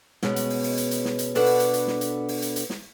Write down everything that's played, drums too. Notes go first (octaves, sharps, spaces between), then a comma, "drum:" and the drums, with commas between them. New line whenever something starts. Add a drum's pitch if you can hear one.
B2 G#3 C#4, drum: snare
drum: hi-hat
drum: open hi-hat
drum: open hi-hat
drum: hi-hat
drum: hi-hat
drum: snare
drum: hi-hat
B2 B3 D4 A4 F#5 A5, drum: open hi-hat
drum: open hi-hat
drum: hi-hat
drum: hi-hat
drum: snare
drum: hi-hat
drum: open hi-hat
drum: hi-hat
drum: hi-hat
drum: snare